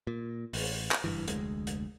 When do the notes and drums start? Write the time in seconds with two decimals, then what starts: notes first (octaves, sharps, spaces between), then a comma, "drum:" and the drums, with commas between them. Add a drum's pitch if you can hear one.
0.07 A#2
0.53 A1, drum: open hi-hat
0.91 drum: clap
1.04 F#1 G2 E3
1.28 F1 D2 G#3, drum: hi-hat
1.67 drum: hi-hat